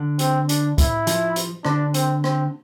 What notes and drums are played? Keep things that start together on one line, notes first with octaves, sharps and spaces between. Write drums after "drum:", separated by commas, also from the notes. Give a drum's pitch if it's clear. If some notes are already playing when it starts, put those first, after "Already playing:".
Already playing: D3
C4, drum: hi-hat
D4, drum: hi-hat
E4, drum: kick, hi-hat
F3, drum: hi-hat
drum: hi-hat
D3 D4, drum: rim click
C4, drum: hi-hat
C4, drum: rim click